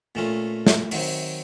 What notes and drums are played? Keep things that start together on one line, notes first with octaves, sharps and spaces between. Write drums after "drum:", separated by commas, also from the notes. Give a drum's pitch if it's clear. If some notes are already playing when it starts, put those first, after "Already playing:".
A#2 A3 C#4 F4
drum: snare
D#3 F#3 C4, drum: open hi-hat